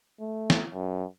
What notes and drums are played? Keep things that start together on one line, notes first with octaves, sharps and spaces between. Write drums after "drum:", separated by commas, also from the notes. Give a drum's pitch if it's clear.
A3
drum: snare
F#2